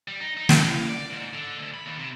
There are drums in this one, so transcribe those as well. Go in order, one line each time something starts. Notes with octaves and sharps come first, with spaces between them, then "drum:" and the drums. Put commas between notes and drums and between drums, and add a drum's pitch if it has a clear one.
G3
D#4
D#4
F5, drum: snare
F5
D5
G#2
D3
D2
B5
D#2
C3